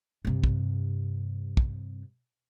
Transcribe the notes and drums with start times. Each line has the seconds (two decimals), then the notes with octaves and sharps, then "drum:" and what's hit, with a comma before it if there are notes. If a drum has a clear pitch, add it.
0.25 G2 C3
0.44 drum: kick
1.57 drum: kick